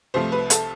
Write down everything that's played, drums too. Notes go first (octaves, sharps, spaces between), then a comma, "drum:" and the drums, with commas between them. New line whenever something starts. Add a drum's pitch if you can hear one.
C2 C3 F3 A3 C5
B4
A4, drum: hi-hat